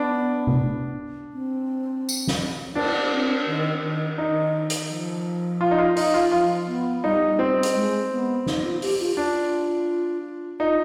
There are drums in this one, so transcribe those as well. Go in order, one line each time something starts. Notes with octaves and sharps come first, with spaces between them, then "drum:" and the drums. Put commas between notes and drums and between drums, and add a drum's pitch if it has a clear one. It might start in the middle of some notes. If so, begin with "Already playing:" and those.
Already playing: B3 D4
drum: tom C3
C4
drum: tambourine
drum: snare
D4, drum: cymbal
C4
D#3
D#3
D#3 D#4
drum: hi-hat
F3
F4
D#4
F4
D#4, drum: open hi-hat
F4
F3 F4
B3
G3 D#4
C4
drum: hi-hat
G#3
B3
D#4, drum: snare
F4
G4, drum: open hi-hat
F4
D4 F4
D#4 F4